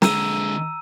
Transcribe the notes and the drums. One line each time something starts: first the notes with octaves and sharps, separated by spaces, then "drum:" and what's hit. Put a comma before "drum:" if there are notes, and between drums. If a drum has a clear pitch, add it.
D3 G#3 A#5 E6 D#7, drum: snare